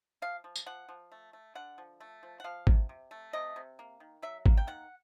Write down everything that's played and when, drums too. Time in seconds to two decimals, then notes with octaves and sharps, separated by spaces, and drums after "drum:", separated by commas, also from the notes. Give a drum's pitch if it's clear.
0.22 F3 F5
0.44 F3
0.56 drum: tambourine
0.66 F3 F#5
0.89 F3
1.12 A3
1.33 A3
1.55 D3 F#5
1.78 F3
2.00 A3
2.23 F3
2.40 F#5
2.44 F3 F5
2.67 C3, drum: kick G#1
2.89 C3
3.11 A3
3.33 C3 D#5
3.56 C3
3.79 A#3
4.00 D#3
4.22 F#3 E5
4.46 A#3, drum: kick G#1
4.57 G5
4.67 D#3 F#5